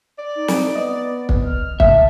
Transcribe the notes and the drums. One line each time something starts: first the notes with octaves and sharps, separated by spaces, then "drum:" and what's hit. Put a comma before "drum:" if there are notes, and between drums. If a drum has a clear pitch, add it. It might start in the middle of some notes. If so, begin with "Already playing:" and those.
D5
D#4
drum: snare
B3 D#5
drum: kick
F6
C#2 A2 E5 A5, drum: kick